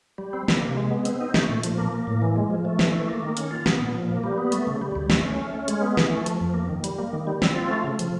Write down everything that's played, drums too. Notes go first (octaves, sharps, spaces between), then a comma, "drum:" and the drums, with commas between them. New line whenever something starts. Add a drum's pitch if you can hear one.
G3
C4
A#3, drum: snare
C3
G#3
B3
C4, drum: hi-hat
D#4
A3, drum: snare
A#2
F3, drum: hi-hat
A#3
A#3
A2
E3
G#3
F3
A3
E3, drum: snare
A3
A#3
D#3
C#4, drum: hi-hat
F4
B3, drum: snare
A#2
F3
A#3
G3
B3
A3, drum: hi-hat
C#3
G3
D2
A3, drum: snare
C#4
A3
C#4
G#3, drum: hi-hat
B3
E3, drum: snare
A3
F3, drum: hi-hat
F2
A#3
D#3
G3, drum: hi-hat
A#3
D#3
G3
C4, drum: snare
F4
A3
C#3
F3, drum: hi-hat